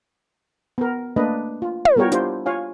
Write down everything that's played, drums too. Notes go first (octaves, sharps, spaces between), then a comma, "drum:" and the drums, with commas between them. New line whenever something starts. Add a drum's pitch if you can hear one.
B3 A#4
A3 A#3 D4 B4 D#5
F4
drum: tom
G3 B3 F4 A#4 C#5 G5
D4 E4 F4 G4 C5, drum: hi-hat
F4 C#5 F5 G#5